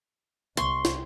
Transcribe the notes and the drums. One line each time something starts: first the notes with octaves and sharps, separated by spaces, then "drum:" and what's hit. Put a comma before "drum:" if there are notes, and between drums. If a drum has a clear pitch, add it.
C2 C6 C#6, drum: hi-hat
drum: snare